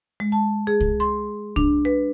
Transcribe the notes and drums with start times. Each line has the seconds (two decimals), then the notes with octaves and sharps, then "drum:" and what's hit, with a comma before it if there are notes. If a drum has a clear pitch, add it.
0.20 G#3
0.32 A5
0.67 G#4
0.80 drum: kick C2
1.00 C6
1.56 D4, drum: kick C2
1.85 B4